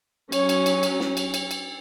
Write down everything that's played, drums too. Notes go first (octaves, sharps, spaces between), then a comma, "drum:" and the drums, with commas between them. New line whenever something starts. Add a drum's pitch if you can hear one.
F#3 C#4 C#5, drum: cymbal
drum: cymbal
drum: cymbal
drum: cymbal
drum: snare
drum: cymbal
drum: cymbal
drum: cymbal